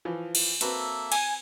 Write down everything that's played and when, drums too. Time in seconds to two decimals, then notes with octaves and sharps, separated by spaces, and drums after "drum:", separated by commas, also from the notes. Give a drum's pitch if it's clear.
0.05 E3 F3
0.35 drum: cymbal
0.61 A#3 C4 F#4 A4 B4 E5, drum: hi-hat
1.12 G#5, drum: cymbal